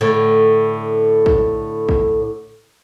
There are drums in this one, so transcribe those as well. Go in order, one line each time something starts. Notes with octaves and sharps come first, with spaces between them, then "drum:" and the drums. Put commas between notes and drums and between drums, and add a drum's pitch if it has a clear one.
A2 D3
drum: kick
drum: kick